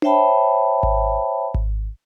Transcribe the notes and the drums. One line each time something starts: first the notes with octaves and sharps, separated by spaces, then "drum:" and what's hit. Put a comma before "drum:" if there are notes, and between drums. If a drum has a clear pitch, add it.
C5 C#5 E5 G5 A5 B5, drum: tom D4
drum: kick G#1
drum: kick G#1